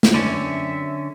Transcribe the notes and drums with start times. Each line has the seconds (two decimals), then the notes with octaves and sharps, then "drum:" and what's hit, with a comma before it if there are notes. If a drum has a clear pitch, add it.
0.03 drum: snare
0.14 F#2 D3 C4 C#4 E5